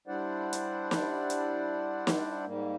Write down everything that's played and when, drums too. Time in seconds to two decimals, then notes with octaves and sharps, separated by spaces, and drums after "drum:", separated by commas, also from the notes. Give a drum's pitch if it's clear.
0.07 G3 D4 E4 C5 D5 F#5
0.53 drum: hi-hat
0.91 drum: snare
1.30 drum: hi-hat
2.07 drum: snare
2.45 G#2 G3 A#3